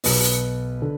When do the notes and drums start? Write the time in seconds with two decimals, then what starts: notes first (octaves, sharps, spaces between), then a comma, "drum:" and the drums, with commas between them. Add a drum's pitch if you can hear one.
0.04 B1 B2 B4, drum: open hi-hat
0.23 drum: hi-hat
0.82 D3